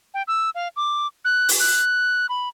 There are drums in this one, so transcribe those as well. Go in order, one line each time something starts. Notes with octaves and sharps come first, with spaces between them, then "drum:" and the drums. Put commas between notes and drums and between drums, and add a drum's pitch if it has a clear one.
G5
E6
F5
D6
F#6
drum: open hi-hat
F#6
B5